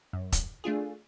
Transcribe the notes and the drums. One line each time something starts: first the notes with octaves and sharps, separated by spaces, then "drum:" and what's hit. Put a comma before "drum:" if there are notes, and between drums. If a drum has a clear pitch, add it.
F#2
drum: kick, hi-hat
A3 D4 F4 G#4